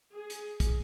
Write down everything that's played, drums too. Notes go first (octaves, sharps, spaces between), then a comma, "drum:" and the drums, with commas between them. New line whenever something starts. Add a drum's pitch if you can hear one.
G#4
drum: hi-hat
drum: kick, hi-hat